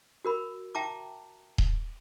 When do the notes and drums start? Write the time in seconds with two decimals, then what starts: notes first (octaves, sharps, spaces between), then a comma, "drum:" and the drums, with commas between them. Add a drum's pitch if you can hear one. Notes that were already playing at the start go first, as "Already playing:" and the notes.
0.25 F#4 A#4 B5
0.75 E5 G5 A5 A#5 D6
1.58 drum: kick D#1